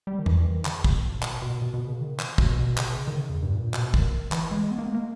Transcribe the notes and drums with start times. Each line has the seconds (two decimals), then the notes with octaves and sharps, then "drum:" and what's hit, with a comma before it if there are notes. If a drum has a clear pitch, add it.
0.07 G3
0.19 D#3
0.26 E3, drum: tom E2
0.46 D#3
0.65 C#3, drum: clap
0.84 B2, drum: kick
0.97 G#2
1.11 A#2
1.23 B2, drum: clap
1.42 B2
1.62 B2
1.74 B2
1.87 C#3
2.00 D#3
2.19 drum: clap
2.38 B2, drum: kick
2.59 B2
2.77 C#3, drum: clap
3.07 D#3
3.16 C#3
3.29 E2
3.42 G2
3.55 A#2
3.74 B2, drum: clap
3.94 D#3, drum: kick
4.32 E3, drum: clap
4.51 G#3
4.71 B3
4.78 A#3
4.86 G#3
4.94 A#3